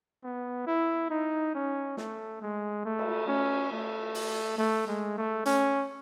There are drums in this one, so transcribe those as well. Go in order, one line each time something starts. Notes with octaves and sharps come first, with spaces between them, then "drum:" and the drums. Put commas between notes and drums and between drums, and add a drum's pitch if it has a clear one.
B3
E4
D#4
C#4
A3, drum: snare
G#3
A3
drum: cymbal
C#4
A3
drum: open hi-hat
A3
G#3
A3
C#4, drum: hi-hat